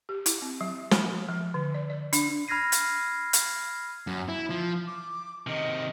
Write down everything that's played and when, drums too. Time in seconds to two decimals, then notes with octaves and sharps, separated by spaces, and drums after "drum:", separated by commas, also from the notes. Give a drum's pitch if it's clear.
0.09 G4
0.26 E4, drum: hi-hat
0.42 C4
0.61 F#3
0.91 F3, drum: snare
1.29 F3
1.54 D3
1.74 D5
1.90 D5
2.13 D4, drum: hi-hat
2.48 B5 F6 G#6 A#6 C7 D#7
2.72 drum: hi-hat
3.33 drum: hi-hat
4.07 F#2
4.28 E4
4.50 F3
4.86 D6
5.47 C3 D#3 D#5